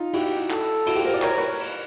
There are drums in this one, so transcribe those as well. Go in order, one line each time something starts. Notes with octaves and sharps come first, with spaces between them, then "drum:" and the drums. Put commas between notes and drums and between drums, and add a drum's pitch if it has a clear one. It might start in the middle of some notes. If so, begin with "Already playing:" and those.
Already playing: D#4 F4
E4 F#4 G4, drum: cymbal
A4, drum: clap
E4 F#4, drum: cymbal
F4 G4
A#4 C5
D5
A#4 C#5, drum: clap
C5
B4 C#5
drum: cymbal